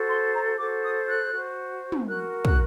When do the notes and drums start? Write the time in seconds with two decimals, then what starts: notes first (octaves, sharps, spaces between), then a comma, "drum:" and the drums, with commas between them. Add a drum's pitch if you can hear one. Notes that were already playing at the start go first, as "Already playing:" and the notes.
Already playing: F#4 A4 C5
0.09 C6
0.34 A#5
0.58 F#4 A4 C5 D6
0.83 D#6
1.08 F#6
1.32 F#4 C5
1.92 drum: tom
2.07 F#4 A#4 F#6
2.45 F#6, drum: kick